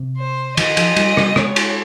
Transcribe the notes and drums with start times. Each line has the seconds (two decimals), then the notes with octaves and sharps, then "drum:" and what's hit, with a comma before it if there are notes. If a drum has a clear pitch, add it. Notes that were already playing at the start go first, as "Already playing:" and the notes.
Already playing: C3
0.17 C5
0.57 D#3 D#5, drum: cymbal
0.77 F3, drum: cymbal
0.96 G3, drum: cymbal
1.17 G3, drum: rim click
1.36 G#3 C#5, drum: rim click
1.56 drum: cymbal